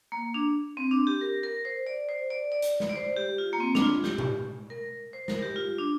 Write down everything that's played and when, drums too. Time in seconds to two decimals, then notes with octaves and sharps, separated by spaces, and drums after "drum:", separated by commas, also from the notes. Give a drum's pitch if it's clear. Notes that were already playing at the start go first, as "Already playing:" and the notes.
0.12 A#3
0.34 D4
0.77 C4
0.91 D4
1.07 G4
1.21 A#4
1.43 A#4
1.65 C5
1.87 D5
2.09 C5
2.30 D5
2.52 D5
2.62 drum: hi-hat
2.80 drum: snare
2.89 D5
2.96 C5
3.16 G4
3.38 F4
3.53 A#3
3.60 C4
3.75 D4, drum: snare
3.82 F4
4.04 G4, drum: snare
4.18 drum: tom B2
4.70 A#4
5.13 C5
5.28 A#4, drum: snare
5.42 G4
5.56 F4
5.79 D4